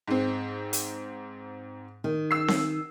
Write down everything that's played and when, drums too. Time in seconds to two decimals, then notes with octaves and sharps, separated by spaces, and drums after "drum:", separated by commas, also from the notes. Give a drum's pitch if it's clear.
0.07 G#2 C4
0.73 drum: hi-hat
2.04 D#3
2.31 E6 C7
2.48 drum: snare C4